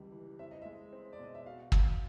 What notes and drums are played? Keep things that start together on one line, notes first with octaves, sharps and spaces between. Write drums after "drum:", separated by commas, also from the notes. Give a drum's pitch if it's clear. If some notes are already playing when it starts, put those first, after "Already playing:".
Already playing: C#2 E3 G3
E3
C4 E5
D#5
G#3 E5
C4
D5
B2 D#5
E5
F#4 F5
F#4, drum: kick